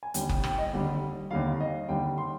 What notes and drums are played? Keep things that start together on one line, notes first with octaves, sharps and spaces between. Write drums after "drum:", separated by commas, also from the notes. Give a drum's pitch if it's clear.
G#5
D#2 D3 G3 G5, drum: hi-hat
G5, drum: kick F#1
G5, drum: rim click
D#5
D#2 D3 G3
D#2 D3 G3 F5
D#5
D#2 D3 G3 G5
C6